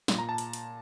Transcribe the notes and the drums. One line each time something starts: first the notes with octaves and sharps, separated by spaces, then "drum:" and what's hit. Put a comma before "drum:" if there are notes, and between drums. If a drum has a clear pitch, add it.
A#2, drum: snare
A#5
A5
drum: hi-hat
drum: hi-hat